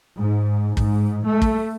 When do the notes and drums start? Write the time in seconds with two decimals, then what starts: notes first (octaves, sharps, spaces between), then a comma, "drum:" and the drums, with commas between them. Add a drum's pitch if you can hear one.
0.17 G#2
0.77 G#2, drum: kick
1.25 A3
1.42 drum: kick